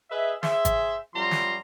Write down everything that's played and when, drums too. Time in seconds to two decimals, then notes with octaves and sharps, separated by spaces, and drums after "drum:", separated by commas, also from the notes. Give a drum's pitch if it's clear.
0.10 G#4 B4 D#5 E5
0.43 G#4 C5 E5, drum: snare
0.65 drum: kick G#1, hi-hat
1.15 F#2 F3 G3 A#5 C6
1.31 drum: snare